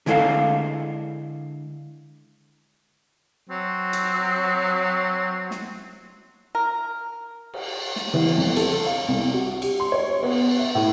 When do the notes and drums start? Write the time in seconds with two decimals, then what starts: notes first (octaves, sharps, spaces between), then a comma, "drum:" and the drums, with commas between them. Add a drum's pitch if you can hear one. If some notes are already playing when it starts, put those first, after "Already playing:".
0.06 D3 G#3 E4 A4 F5, drum: snare
3.50 F#3 C4
3.93 drum: hi-hat
5.51 drum: snare
6.55 A#4
7.54 drum: cymbal
7.96 drum: snare
8.14 E3, drum: cymbal
8.37 F2
8.57 A4, drum: cymbal
8.86 F5
9.08 C2
9.34 F#4
9.62 G4, drum: cymbal
9.80 C6
9.92 C#5
10.23 B3, drum: cymbal
10.59 E5
10.75 A2